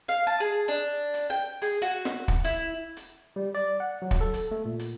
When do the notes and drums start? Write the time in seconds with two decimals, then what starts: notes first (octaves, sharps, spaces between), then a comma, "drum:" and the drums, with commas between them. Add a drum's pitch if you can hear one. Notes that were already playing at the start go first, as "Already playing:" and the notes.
0.09 F5
0.27 A5
0.40 G#4
0.68 D4
1.14 drum: hi-hat
1.30 G5
1.62 G#4, drum: hi-hat
1.82 F#4
2.05 drum: snare
2.28 drum: kick
2.45 E4
2.97 drum: hi-hat
3.36 G3
3.55 D5
3.80 F#5
4.02 F#3
4.11 drum: kick
4.21 A4
4.34 drum: hi-hat
4.51 A3
4.65 A#2
4.79 drum: hi-hat